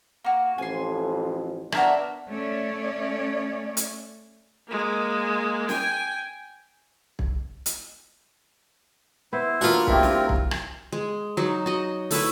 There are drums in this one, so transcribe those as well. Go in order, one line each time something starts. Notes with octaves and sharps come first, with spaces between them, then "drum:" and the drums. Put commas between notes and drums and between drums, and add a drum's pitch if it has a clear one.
A#3 F#4
A1 F2 G#5 C6
B3 D4 F#4 A#4 E5, drum: rim click
A3 C#4 C#5 D5
drum: hi-hat
G#3 A#3
G5 G#5, drum: snare
drum: kick
drum: hi-hat
B3 E4 C5
A#3 B3 D4 F4 F#4
A3 C4 E4 G4 A#4, drum: kick
drum: snare
drum: kick
drum: rim click
G#3
F#3 D#4
F#4 D#5
A3 E4 B4 C#6, drum: open hi-hat